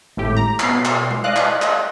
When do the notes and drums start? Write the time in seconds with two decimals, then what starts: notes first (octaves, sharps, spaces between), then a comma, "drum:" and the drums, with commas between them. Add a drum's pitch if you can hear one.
0.17 G#1 A2 G4
0.37 A#5
0.60 B2 C7, drum: clap
0.85 drum: clap
1.11 drum: tom G#3
1.24 D5 D#5 F5 F#6
1.36 drum: clap
1.62 drum: clap